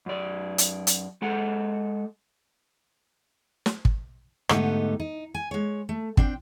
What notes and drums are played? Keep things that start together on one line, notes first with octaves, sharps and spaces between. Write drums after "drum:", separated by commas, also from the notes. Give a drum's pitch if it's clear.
F#2 D5
drum: hi-hat
drum: hi-hat
G#3 A4 F#5
drum: snare
drum: kick
G#2 D3 A3 B3 D#4 G4, drum: rim click
D#4
G#5
G#3 C#5
A3
C4 D4 G5, drum: kick